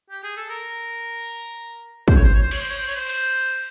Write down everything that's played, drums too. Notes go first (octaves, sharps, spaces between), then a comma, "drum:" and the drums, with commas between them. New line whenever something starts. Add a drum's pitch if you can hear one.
G4
G#4
A4
A#4
C5, drum: kick
C#5
C5
C#5
C5
C#5, drum: cymbal
C5
C#5
C5
C#5
C5
drum: cymbal